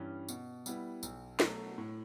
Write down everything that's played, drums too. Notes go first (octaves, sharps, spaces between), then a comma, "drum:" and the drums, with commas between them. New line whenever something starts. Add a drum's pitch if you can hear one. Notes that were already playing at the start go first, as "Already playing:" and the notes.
Already playing: G2 E3 G3 C#4
B2, drum: tambourine
G3 B3 E4, drum: tambourine
B1, drum: tambourine
B2 F#3 A3, drum: snare
A2